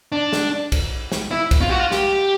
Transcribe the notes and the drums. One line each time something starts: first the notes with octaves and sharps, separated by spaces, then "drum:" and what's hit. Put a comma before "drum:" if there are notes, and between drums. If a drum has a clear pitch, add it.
D4
drum: snare
drum: kick B1, cymbal
drum: snare
E4
drum: kick B1, cymbal
F4
F#4
F4
G4, drum: snare